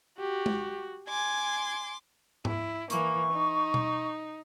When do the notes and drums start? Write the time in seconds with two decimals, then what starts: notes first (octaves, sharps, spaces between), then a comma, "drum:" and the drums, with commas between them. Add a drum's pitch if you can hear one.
0.20 F#4 G4
0.46 drum: tom G#3
1.09 G#5 C6 D6 G#6
2.45 E4, drum: tom G#2
2.90 E3 A#3 C#6, drum: hi-hat
3.32 D#4
3.74 drum: tom B2